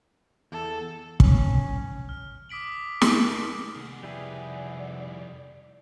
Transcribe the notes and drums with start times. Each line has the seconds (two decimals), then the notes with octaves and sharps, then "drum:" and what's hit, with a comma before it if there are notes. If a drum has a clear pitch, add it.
0.52 E2 A4
1.20 C#4, drum: kick
2.09 F6
2.49 D6 D#6 B6 D7 F#7
3.01 drum: snare
3.76 C3 D#3 G3 G#4 F#5
4.03 F2 G3 E4 G#4 B4 D5